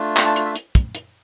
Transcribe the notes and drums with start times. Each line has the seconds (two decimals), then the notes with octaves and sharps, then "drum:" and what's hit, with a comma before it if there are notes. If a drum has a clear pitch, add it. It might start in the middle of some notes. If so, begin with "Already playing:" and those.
Already playing: A3 D4 F4
0.17 G5, drum: clap
0.26 A5
0.36 drum: hi-hat
0.45 E5
0.56 drum: hi-hat
0.75 drum: kick, hi-hat
0.95 drum: hi-hat